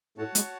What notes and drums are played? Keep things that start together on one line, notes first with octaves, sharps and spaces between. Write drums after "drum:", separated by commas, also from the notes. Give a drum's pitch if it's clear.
A2 A3 F#4 C#5 F#5 A5
G#3, drum: hi-hat